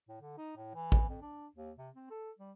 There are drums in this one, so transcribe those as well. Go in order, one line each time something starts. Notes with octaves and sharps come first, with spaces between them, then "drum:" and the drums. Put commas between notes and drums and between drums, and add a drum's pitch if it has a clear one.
A2
D3
D#4
A2
E3
drum: kick A1
F2
D4
D#2
C3
C4
A4
G3